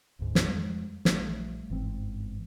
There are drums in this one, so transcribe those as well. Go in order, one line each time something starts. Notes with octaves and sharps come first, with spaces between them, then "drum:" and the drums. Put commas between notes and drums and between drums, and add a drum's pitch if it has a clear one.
D1 D2 G#2
drum: snare
F2 F3 G3 G#3
A#1 F3 G3 A3, drum: snare
G1 G#2 E3 C4